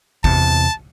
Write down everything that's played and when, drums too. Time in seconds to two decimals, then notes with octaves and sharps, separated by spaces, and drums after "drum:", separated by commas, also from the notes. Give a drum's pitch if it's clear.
0.24 E2 C3 A5, drum: kick G1